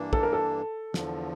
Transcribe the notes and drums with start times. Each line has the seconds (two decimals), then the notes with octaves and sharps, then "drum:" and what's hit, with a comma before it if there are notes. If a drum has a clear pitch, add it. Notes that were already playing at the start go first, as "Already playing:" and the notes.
Already playing: G2 E3 A#3 D4
0.13 A4, drum: kick
0.23 A#4
0.33 A4
0.94 E2 D3 F3, drum: snare